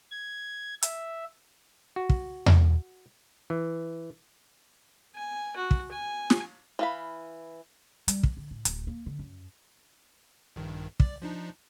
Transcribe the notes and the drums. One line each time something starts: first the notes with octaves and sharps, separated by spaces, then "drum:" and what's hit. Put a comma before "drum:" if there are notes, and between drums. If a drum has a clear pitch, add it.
G#6
E5, drum: hi-hat
F#4
drum: kick
drum: tom E2
E3
G#5
F#4
drum: kick
G#5
drum: snare
E3 F5 B5
G3, drum: hi-hat
E3, drum: kick
D3
A2
D1, drum: hi-hat
A#3
D3
F#2
A#1 G2 D#3
D5, drum: kick
F3 D4 D#4